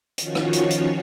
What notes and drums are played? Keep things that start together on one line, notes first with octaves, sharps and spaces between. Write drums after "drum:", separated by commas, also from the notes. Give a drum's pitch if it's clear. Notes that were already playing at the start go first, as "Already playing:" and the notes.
D#3 F3 C#4 F4 F#4 C#5, drum: hi-hat
drum: rim click
drum: hi-hat
drum: hi-hat